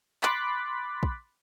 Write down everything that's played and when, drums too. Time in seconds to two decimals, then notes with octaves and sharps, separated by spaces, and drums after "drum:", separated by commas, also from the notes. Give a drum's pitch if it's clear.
0.23 B5 C6 D6 F#6 A6 B6, drum: clap
1.03 drum: kick